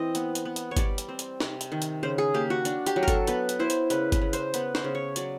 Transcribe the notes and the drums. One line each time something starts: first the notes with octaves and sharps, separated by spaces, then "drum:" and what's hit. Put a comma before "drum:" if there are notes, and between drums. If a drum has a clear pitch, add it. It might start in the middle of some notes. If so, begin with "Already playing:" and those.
Already playing: E3 C4 D#5
B3, drum: hi-hat
drum: hi-hat
B3
drum: hi-hat
C#5
G3 D5, drum: kick G1, hi-hat
drum: hi-hat
C4
drum: hi-hat
C3, drum: snare
drum: hi-hat
D#3
drum: hi-hat
C#3 C5
G#4
A#3 G4
F#4
D4, drum: hi-hat
G4, drum: hi-hat
F#3
A#4
A4, drum: kick G1, hi-hat
B3 B4, drum: hi-hat
drum: hi-hat
E4 C5
drum: hi-hat
C#3 B4, drum: hi-hat
B4, drum: kick G1, hi-hat
C#3
C5, drum: hi-hat
B3 B4, drum: hi-hat
C5, drum: snare
C#3
C#5
F#3 D5, drum: hi-hat